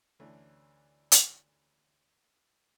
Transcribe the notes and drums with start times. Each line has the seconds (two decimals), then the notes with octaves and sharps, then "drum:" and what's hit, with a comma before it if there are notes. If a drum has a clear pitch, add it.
0.19 D2 E3 A3 C#4 D4
1.12 drum: hi-hat